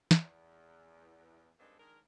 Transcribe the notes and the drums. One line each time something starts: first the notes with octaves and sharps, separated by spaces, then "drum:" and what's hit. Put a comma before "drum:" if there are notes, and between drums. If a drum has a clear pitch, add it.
E2, drum: snare
G2 G#3 A#3 C4 D4 D#4
D#3 G#3 D4 A#4